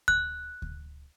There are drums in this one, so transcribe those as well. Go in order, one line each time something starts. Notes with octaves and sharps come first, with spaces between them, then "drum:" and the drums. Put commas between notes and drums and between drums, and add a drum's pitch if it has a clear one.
F#6, drum: kick D2
drum: kick D2